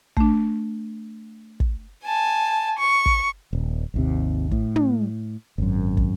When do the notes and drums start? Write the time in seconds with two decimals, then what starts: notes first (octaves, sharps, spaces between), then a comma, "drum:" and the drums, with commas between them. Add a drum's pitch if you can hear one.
0.17 A3 D4, drum: kick
1.60 drum: kick
2.04 G#5 A5
2.78 C#6
3.06 drum: kick
3.53 D#1
3.94 G#1 D#2 C3
4.51 A2, drum: kick
4.76 drum: tom
5.58 G#1 F#2
5.97 drum: kick